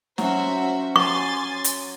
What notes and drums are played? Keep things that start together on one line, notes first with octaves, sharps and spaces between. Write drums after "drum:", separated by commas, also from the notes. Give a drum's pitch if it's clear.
F#3 C#4 F#4 C5 E5, drum: snare
G#5 C6 C#6 A6
drum: hi-hat